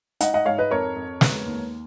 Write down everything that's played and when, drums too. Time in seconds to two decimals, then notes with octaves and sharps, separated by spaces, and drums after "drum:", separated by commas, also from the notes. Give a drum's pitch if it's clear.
0.21 D#4 D#5 F#5, drum: hi-hat
0.34 D#5 F#5
0.46 G#2 C#5 F5
0.58 B4 D#5
0.71 F2 A#4 C#5
0.96 F2
1.21 B3, drum: snare
1.46 D#2